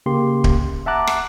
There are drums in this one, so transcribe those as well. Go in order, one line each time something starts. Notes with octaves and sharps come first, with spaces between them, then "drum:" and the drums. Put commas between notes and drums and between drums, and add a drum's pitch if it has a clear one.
C#3 A#3 G4 C6
drum: kick D1
E5 F#5 A5 A#5 D6 F#6
drum: rim click